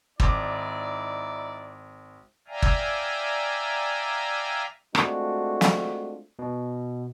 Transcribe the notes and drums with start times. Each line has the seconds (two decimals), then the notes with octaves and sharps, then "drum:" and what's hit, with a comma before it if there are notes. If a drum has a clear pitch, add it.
0.20 G#1 D#4 E4 D5 D6, drum: kick
2.48 D5 E5 F5 G5 G#5 A#5
2.62 drum: kick
4.95 G#3 A3 C4 D4 F4 F#4, drum: rim click
5.61 drum: snare
6.39 B2